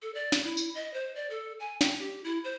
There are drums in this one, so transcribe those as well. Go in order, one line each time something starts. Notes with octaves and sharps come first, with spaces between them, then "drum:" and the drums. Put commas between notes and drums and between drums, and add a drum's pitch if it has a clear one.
A4
D5
drum: snare
E4
drum: tambourine
D#5
C5
D5
A4
G#5
G5, drum: snare
G4
E4
C5